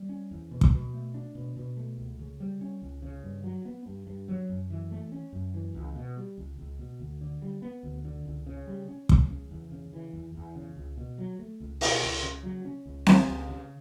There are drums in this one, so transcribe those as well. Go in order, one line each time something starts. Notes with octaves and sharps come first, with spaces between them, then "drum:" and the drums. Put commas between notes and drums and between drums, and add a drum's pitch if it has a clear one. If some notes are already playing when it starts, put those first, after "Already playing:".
Already playing: G3
C#4
E2
B2
drum: kick
B2
A3
D4
B2
B2
A3
C#2
C#3
G3
C#4
C#2
C#3
G2
F#3
B3
G2
G2
F#3
F#2
E3
A3
C#4
F#2
E3
C#2
B2
G3
C#2
C#2
B2
D2
D3
G3
B3
D2
D3
C#2
C#3
G3
C#4
C#2, drum: kick
C#3
E2
C#3
E3
E2
E2
C#3
C#2
B2
F#3
A3
C#2
B2, drum: open hi-hat
C#2
C#3
F#3
C#4
C#2
C#3, drum: snare C4
C#2
C#3